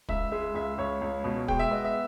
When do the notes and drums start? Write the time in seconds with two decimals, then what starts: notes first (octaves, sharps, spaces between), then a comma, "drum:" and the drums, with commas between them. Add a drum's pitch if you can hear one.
0.09 C#2 E5, drum: kick
0.32 G#3 E5
0.54 C#2 E5
0.78 C#2 C#5
1.01 C#2
1.24 B2
1.48 G#3 G5, drum: kick
1.59 E5
1.71 B3 D#5
1.85 E5